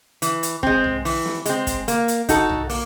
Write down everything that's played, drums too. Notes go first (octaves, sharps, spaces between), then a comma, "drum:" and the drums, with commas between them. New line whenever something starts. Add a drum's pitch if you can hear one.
E3, drum: hi-hat
drum: hi-hat
G#3 C4, drum: kick
drum: tom B1
E3, drum: open hi-hat
drum: snare
G#3 C4, drum: hi-hat
drum: kick, hi-hat
A#3, drum: hi-hat
drum: hi-hat
D#4 F#4 A4, drum: kick, hi-hat
drum: tom B1
A#3, drum: open hi-hat